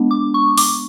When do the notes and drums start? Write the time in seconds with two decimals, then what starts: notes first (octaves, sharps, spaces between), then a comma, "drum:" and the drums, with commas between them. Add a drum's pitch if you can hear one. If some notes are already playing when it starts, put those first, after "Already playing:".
Already playing: G#3 B3 D4
0.11 D6
0.34 C#6
0.58 D6, drum: open hi-hat